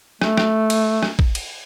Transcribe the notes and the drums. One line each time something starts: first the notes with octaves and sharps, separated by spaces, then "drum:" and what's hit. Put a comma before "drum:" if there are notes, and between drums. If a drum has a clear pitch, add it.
A3, drum: rim click
drum: rim click
drum: cymbal
drum: rim click
drum: kick A1
drum: cymbal